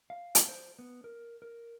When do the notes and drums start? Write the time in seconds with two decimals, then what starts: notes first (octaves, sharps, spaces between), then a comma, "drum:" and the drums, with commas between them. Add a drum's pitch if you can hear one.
0.10 F5
0.35 drum: hi-hat
0.48 C5
0.79 B3
1.04 A#4
1.42 A#4